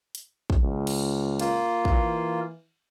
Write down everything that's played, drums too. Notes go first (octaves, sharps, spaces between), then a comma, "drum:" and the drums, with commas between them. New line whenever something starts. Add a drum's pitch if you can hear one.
drum: hi-hat
drum: kick
C#2
drum: cymbal
A#3 F4, drum: cymbal
E3, drum: kick